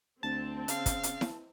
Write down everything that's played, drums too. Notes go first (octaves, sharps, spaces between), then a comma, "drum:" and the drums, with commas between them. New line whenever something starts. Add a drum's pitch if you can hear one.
D2 C4 A5
C#3 F5, drum: hi-hat
drum: kick, hi-hat
drum: hi-hat
drum: snare E4